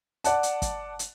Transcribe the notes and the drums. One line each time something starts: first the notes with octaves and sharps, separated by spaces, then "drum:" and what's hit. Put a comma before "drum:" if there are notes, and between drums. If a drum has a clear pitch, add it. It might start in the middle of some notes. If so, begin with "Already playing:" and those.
D5 F#5 A5, drum: hi-hat
drum: hi-hat
drum: kick, hi-hat
drum: hi-hat